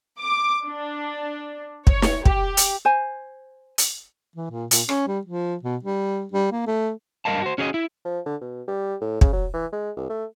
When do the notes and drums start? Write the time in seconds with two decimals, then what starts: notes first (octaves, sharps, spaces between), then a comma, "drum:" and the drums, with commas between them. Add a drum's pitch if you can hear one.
0.22 D6
0.67 D4
1.87 C#5, drum: kick
2.02 drum: snare
2.26 G4, drum: kick
2.57 drum: hi-hat
2.85 C5 G#5
3.78 drum: hi-hat
4.36 E3
4.50 A#2
4.71 A#2, drum: hi-hat
4.89 C#4, drum: rim click
5.07 G3
5.26 F3
5.63 B2
5.83 G3
6.32 G3
6.51 A#3
6.66 A3
7.25 G2 A3 A#4 D#5 F5 A5
7.42 F#4 C5
7.58 C#4 F#4 G#4 C#5 D#5
7.74 E4
8.05 F3
8.26 D3
8.41 B2
8.68 G3
9.01 A2
9.21 C#3, drum: kick
9.33 F#3
9.54 E3
9.72 G#3
9.97 C2
10.09 A3